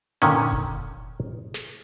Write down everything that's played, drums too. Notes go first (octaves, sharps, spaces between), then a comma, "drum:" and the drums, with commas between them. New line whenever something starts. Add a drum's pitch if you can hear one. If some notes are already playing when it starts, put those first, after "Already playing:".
A#2 D3 D#3 C#4, drum: open hi-hat
drum: kick F1
drum: snare